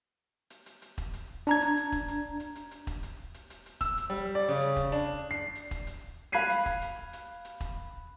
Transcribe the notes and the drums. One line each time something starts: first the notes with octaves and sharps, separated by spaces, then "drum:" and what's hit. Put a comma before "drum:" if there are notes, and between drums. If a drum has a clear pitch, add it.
drum: hi-hat
drum: hi-hat
drum: hi-hat
drum: kick E1, hi-hat
drum: hi-hat
D4 A#5 G#6, drum: hi-hat
drum: hi-hat
drum: hi-hat
drum: kick E1, hi-hat
drum: hi-hat
drum: hi-hat
drum: hi-hat
drum: hi-hat
drum: kick E1, hi-hat
drum: hi-hat
drum: hi-hat
drum: hi-hat
drum: hi-hat
E6, drum: kick E1, hi-hat
drum: hi-hat
G3
D5
C#3
drum: hi-hat
drum: kick E1, hi-hat
D4, drum: hi-hat
C7
drum: hi-hat
drum: kick E1, hi-hat
drum: hi-hat
F5 B5 F#6 G#6 C7 D#7, drum: hi-hat
drum: hi-hat
drum: kick E1, hi-hat
drum: hi-hat
drum: hi-hat
drum: hi-hat
drum: kick E1, hi-hat